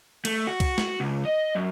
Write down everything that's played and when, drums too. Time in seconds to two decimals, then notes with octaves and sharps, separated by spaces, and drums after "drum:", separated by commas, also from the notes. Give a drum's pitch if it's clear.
0.25 A3, drum: cymbal
0.47 F#4
0.60 drum: kick C2, cymbal
0.78 drum: snare
1.00 C#2
1.25 D#5
1.55 F#2